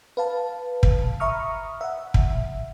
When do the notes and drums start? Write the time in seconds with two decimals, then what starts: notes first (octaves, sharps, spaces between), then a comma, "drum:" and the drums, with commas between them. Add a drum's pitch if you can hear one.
0.17 B4 F5 A5
0.83 drum: kick
1.20 E5 A#5 B5 C#6 D#6 F6
1.81 E5 F#5
2.14 drum: kick